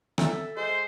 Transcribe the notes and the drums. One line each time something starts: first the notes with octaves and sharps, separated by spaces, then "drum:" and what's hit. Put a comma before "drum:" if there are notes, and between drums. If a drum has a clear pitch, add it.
A4 E5 E6, drum: rim click
G#3 C5